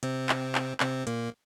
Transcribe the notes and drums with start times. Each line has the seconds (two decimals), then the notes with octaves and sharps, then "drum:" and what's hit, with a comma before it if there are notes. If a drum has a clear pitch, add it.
0.03 C3 C4, drum: hi-hat
0.29 drum: clap
0.55 drum: clap
0.80 C3 C4, drum: clap
1.07 A#2 A#3, drum: hi-hat